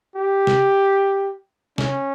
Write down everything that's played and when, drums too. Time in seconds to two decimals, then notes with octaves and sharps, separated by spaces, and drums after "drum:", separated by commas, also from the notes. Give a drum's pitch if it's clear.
0.16 G4
0.47 drum: snare
1.78 C#4, drum: snare